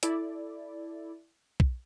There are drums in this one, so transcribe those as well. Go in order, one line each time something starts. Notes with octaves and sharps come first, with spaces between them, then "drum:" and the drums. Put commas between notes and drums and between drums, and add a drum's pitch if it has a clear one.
E4 A4 D5, drum: hi-hat
drum: kick